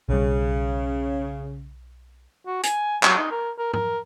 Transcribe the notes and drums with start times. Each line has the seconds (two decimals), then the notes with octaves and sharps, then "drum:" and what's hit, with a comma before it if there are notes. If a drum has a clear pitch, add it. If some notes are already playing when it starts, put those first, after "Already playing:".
0.09 B1 C#3 G3
2.46 F#4
2.63 G#5, drum: hi-hat
3.03 F#3, drum: clap
3.19 D#4
3.32 A#4
3.58 A#4
3.73 A#4, drum: tom